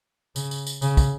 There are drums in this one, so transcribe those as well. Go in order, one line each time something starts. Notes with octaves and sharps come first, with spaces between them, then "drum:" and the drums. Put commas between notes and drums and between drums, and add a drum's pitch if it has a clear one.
C#3, drum: tambourine
drum: tambourine
drum: tambourine
C#3, drum: tambourine
drum: kick, tambourine